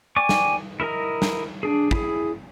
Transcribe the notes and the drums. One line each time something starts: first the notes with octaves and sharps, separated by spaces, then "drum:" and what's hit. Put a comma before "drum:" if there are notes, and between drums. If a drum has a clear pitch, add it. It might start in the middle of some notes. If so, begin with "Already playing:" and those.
D5 G5 G#5 C#6 D6
drum: snare
E4 A#4 D#5 A#5
drum: snare
D4 G#4
E4 G#4, drum: kick